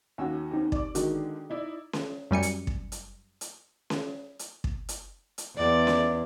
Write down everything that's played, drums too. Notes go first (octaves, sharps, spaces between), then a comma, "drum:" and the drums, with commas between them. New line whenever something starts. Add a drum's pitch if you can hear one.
D#2 C#4 F#4 F5 G#5 E6
C4 D#4 G4
D5 D6, drum: kick
D3 D#3 G#3 F#4 A#4, drum: hi-hat
D#4 E4 D5
drum: snare C#4
F#2 G3 G#5 C#7
drum: hi-hat
drum: kick
drum: hi-hat
drum: hi-hat
drum: snare C#4
drum: hi-hat
drum: kick
drum: hi-hat
drum: hi-hat
E2 D5
drum: snare C#4